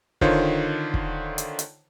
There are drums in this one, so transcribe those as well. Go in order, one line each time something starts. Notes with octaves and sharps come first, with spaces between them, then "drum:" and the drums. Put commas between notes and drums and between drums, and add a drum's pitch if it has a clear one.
D3 D#3 F4 C5 C#5, drum: kick
drum: kick
drum: hi-hat
drum: hi-hat